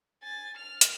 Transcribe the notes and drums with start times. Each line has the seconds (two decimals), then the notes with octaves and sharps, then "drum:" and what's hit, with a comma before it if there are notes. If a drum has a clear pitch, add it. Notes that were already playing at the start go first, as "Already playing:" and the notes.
0.23 G#5 A6
0.57 F6 F7
0.81 drum: hi-hat